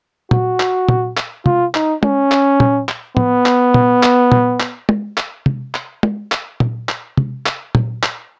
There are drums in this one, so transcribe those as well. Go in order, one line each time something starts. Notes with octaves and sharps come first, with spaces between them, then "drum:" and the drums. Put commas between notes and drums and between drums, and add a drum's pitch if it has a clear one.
F#4, drum: tom
drum: clap
drum: tom
drum: clap
F4, drum: tom
D#4, drum: clap
C#4, drum: tom
drum: clap
drum: tom
drum: clap
B3, drum: tom
drum: clap
drum: tom
drum: clap
drum: tom
drum: clap
drum: tom
drum: clap
drum: tom
drum: clap
drum: tom
drum: clap
drum: tom
drum: clap
drum: tom
drum: clap
drum: tom
drum: clap